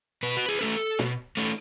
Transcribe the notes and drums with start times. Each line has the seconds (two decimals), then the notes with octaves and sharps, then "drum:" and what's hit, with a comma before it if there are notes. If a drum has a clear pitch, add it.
0.23 B2 B4
0.37 F#4
0.49 G#4
0.61 A3 C#4 A4
0.99 B2, drum: snare
1.37 A3 C#4, drum: cymbal